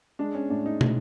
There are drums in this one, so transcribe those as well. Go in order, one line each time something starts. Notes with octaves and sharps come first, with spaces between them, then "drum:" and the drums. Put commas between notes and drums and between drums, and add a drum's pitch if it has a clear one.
G#3 D4
C#4
A2 D4
D#4
A2, drum: tom